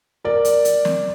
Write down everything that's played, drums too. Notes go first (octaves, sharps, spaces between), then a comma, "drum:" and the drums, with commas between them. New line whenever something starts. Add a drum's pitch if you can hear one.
A#4 D5
drum: hi-hat
drum: hi-hat
drum: snare